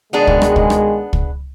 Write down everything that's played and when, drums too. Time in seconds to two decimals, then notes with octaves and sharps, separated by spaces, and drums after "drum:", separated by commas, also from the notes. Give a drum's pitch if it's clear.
0.13 B2 D#3 G#3 B3 D4 G#4
0.27 drum: kick
0.42 drum: rim click
0.56 drum: kick
0.70 drum: rim click
1.13 drum: kick